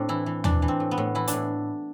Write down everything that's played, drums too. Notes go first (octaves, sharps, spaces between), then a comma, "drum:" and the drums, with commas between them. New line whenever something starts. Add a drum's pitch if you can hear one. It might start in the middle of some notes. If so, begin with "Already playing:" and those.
Already playing: A2 C4 D4
E3 E4
E3
E3 D4, drum: tom
E3
C4
A2
B3
A2
E3 E4
D4, drum: hi-hat
A2